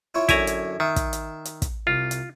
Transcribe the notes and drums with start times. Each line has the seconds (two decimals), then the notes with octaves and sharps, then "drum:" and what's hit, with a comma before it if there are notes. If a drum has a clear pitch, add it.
0.15 E4 F4 C#5
0.29 F#2 D3 E4 C#5 G#5 A#5, drum: kick, hi-hat
0.47 drum: hi-hat
0.80 D#3 E5
0.96 drum: kick, hi-hat
1.13 drum: hi-hat
1.45 drum: hi-hat
1.62 drum: kick, hi-hat
1.87 C2 F4
2.11 drum: hi-hat